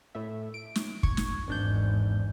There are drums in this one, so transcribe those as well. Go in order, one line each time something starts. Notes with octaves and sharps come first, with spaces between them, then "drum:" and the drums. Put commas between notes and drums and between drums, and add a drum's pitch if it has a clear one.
A2 A3 E5
D7
drum: snare
C#6 G#6, drum: kick
drum: snare
G#1 E2 G#2 D4 G6